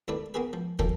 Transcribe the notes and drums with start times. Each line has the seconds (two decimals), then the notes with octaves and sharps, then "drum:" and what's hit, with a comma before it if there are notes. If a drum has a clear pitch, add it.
0.08 D#2 A2 A3 D4 B4
0.34 A#3 B3 F#4 G#4 B4
0.53 F3
0.79 D#3 F3 F#3 A3 A#3 A4, drum: kick